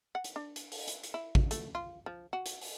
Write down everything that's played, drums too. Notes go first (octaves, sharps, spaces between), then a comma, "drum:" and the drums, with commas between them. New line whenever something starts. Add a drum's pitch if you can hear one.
F#5
drum: hi-hat
D4
drum: hi-hat
drum: open hi-hat
drum: hi-hat
drum: hi-hat
E4
drum: kick
A3, drum: hi-hat
F4
F3
F#4
drum: hi-hat
drum: open hi-hat